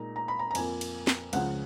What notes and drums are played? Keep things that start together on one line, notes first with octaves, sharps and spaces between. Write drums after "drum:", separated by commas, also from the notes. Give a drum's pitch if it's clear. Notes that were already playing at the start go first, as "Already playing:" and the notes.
Already playing: A#2 G#3 D#4 A#5
A#5
B5
A#5
A#5
F2 F3 A#3 G#5, drum: cymbal
drum: cymbal
drum: snare
C#2 C#3 F3 F#5, drum: cymbal